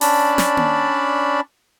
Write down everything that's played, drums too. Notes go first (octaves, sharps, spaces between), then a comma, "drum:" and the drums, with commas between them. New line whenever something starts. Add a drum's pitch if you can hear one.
C#4 D4 D5 A5 B5, drum: open hi-hat
drum: snare
drum: tom A#3